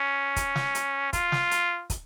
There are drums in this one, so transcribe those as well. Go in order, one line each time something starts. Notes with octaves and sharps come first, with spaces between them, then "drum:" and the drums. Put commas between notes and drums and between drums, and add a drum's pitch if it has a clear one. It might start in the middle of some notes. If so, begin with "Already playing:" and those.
Already playing: C#4
drum: kick, hi-hat
drum: snare
drum: hi-hat
F4, drum: kick, hi-hat
drum: snare
drum: hi-hat
drum: kick, hi-hat